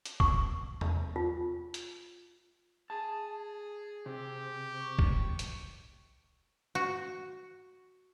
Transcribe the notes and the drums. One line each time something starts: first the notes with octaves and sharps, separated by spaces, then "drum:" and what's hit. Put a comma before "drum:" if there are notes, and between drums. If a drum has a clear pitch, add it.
drum: hi-hat
C#6, drum: kick
drum: tom
F4
drum: hi-hat
G#4 A5
C3 G4
C#6
drum: kick
drum: hi-hat
F#4